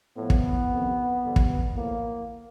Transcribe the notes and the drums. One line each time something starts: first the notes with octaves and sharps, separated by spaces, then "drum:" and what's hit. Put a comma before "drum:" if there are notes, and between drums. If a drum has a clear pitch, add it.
A2 F3 B3
drum: kick
F2 C3 D#3
G2 D3 F3
drum: kick
A2 F3 A#3